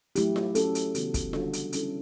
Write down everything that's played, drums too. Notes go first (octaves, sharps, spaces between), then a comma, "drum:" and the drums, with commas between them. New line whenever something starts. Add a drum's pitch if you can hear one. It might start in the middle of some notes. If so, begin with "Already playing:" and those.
F#3 A3 E4 G4, drum: hi-hat
drum: snare F4
F#3 C#4 F#4 A4, drum: hi-hat
drum: hi-hat
C#3 E3 B3 F#4 A4, drum: hi-hat
drum: kick, hi-hat
D3 G3 D4 F#4 A4, drum: snare F4
drum: hi-hat
G3 C#4 E4 A4, drum: hi-hat